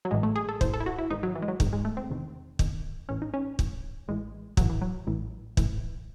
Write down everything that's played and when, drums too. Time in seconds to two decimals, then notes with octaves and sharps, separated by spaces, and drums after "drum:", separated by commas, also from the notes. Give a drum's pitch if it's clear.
0.05 F#3
0.11 A1 A2 E3 G#3
0.23 A3
0.36 G#4
0.49 A4
0.61 A1 A2 E3 C5, drum: kick
0.74 A4
0.80 E4
0.86 F#4
0.99 E4
1.10 G#1 G#2 D#3 D#4
1.23 F#3
1.35 E3
1.42 G#3
1.48 F#3
1.60 G#1 G#2 D#3, drum: kick
1.73 G#3
1.85 A3
1.97 C4
2.10 E2 C3 D#3
2.59 E2 C3 D#3, drum: kick
3.09 A1 A2 E3 C#4
3.22 D#4
3.34 C#4
3.59 A1 A2 E3, drum: kick
4.08 A1 A2 E3 G#3
4.57 A1 A2 E3 F#3, drum: kick
4.70 E3
4.82 F#3
5.07 A1 A2 E3
5.57 A1 A2 E3, drum: kick